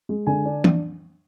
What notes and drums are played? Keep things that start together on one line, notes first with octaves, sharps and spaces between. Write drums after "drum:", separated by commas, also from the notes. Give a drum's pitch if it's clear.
G#3
D3 G#5
D4
drum: tom E3